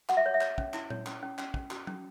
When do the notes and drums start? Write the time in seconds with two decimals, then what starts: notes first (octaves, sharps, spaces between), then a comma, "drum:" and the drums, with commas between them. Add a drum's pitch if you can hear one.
0.09 F#4 F#5, drum: clap
0.17 E5
0.26 C#5
0.34 E5
0.41 C#5, drum: clap
0.58 C#4, drum: kick
0.74 E4, drum: clap
0.90 C#5, drum: tom A#2
1.06 C#4, drum: clap
1.23 C#4
1.38 C#4, drum: clap
1.54 C#4, drum: kick
1.71 F#4, drum: clap
1.87 C#4, drum: tom F#3